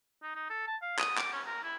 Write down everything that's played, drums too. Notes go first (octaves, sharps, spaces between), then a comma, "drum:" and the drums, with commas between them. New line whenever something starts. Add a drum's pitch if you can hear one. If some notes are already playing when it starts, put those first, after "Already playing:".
D#4
D#4
A4
A5
F5
D#6, drum: clap
D6, drum: clap
C#4
A#4
E4